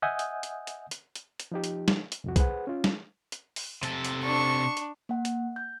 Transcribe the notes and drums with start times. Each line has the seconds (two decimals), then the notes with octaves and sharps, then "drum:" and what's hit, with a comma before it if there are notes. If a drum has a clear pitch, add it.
0.02 D#5 E5 F#5 G#5 D#6 G6
0.19 drum: hi-hat
0.43 drum: hi-hat
0.67 drum: hi-hat
0.91 drum: hi-hat
1.15 drum: hi-hat
1.40 drum: hi-hat
1.52 F3 D#4 G4
1.64 drum: hi-hat
1.88 drum: snare
2.12 drum: hi-hat
2.24 C2 F2 F#4
2.36 G#4 B4 C5 F#5, drum: kick B1, hi-hat
2.67 C#4 F4
2.84 drum: snare
3.32 drum: hi-hat
3.56 drum: open hi-hat
3.83 C3 A4, drum: hi-hat
4.05 drum: hi-hat
4.25 D4 C#6
4.77 drum: hi-hat
5.09 A#3 F#5
5.25 drum: hi-hat
5.56 G6